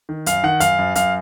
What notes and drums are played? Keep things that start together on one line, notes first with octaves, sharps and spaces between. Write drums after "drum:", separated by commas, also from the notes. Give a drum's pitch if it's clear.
D#3
F#2 F5, drum: hi-hat
D#3 F#5
F#2 F5, drum: hi-hat
F#2
F#2 F5, drum: hi-hat